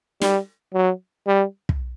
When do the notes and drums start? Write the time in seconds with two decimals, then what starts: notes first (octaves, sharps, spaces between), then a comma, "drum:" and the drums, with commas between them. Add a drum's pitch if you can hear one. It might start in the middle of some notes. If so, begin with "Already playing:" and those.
0.22 G3, drum: snare
0.74 F#3
1.27 G3
1.69 drum: kick